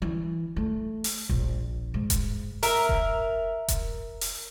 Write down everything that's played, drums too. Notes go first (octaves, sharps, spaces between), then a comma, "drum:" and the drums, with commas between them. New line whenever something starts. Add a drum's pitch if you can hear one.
E3
A3
drum: open hi-hat
A#1, drum: kick E1
G#2
drum: kick E1, hi-hat
A#4 E5, drum: open hi-hat
drum: kick E1
drum: kick E1, hi-hat
drum: open hi-hat